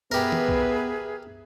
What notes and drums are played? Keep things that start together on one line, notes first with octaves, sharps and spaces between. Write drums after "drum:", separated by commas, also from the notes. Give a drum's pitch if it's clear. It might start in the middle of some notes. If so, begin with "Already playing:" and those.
B3 G4 G#4 A#4 B4 E5
drum: tom
drum: kick